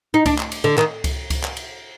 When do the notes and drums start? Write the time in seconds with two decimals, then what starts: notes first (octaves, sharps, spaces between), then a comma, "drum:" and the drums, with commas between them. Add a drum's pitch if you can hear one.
0.14 D#4
0.26 D4, drum: kick C#2, cymbal
0.38 drum: clap
0.52 drum: cymbal
0.64 D3
0.78 D#3, drum: clap
1.04 drum: kick C#2, cymbal
1.30 drum: kick C#2, cymbal
1.43 drum: clap
1.57 drum: cymbal